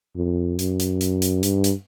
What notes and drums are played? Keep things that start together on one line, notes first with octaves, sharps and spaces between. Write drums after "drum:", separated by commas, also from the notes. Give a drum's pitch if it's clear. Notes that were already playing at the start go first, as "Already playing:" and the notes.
F2
F#2, drum: hi-hat
drum: hi-hat
drum: hi-hat
drum: hi-hat
G2, drum: hi-hat
drum: hi-hat